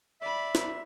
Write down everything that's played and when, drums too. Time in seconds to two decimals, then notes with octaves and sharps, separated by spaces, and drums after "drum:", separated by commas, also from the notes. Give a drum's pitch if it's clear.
0.21 D5 E5 B5
0.55 drum: snare